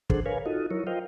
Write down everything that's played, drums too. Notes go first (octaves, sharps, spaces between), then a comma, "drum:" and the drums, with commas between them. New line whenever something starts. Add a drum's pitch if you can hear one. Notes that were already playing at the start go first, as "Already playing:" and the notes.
D4 G#4 A4 C5 F#5, drum: kick
A#4 B4 C#5 F5 G#5
D#4 F4 F#4 A4 D#5
F#3 E4 A#4 C#5
F4 A#4 C5 D#5 F5 G5